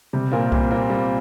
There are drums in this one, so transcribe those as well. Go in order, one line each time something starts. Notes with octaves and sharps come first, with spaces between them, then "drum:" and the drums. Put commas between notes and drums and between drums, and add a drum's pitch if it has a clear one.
C3 G3
A#2 C4 F4 A#4
A#2 G3, drum: kick B1
C4 F4 A#4
G3